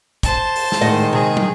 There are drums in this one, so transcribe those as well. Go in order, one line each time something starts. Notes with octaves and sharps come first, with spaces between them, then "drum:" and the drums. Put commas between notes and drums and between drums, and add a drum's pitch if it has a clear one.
C5 A5, drum: kick, hi-hat
drum: open hi-hat
drum: snare
A2 D#3 G#3 D#5 F#5
C3 G#4
drum: tom